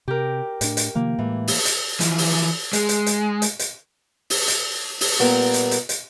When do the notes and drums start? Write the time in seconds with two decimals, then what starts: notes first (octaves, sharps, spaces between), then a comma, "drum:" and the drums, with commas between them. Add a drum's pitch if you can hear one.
0.08 C3 G4 A#4
0.61 A2 D4, drum: hi-hat
0.77 drum: hi-hat
0.95 C3 D#3 F3 A#3
1.19 A2 E3 G#3
1.48 drum: open hi-hat
1.65 drum: hi-hat
2.00 E3 F3, drum: hi-hat
2.18 drum: open hi-hat
2.73 G#3, drum: hi-hat
2.89 drum: hi-hat
3.06 drum: hi-hat
3.42 drum: hi-hat
3.59 drum: hi-hat
4.30 drum: open hi-hat
4.48 drum: hi-hat
5.01 drum: open hi-hat
5.19 A#2 G3 B3 A#4
5.54 drum: hi-hat
5.71 drum: hi-hat
5.89 drum: hi-hat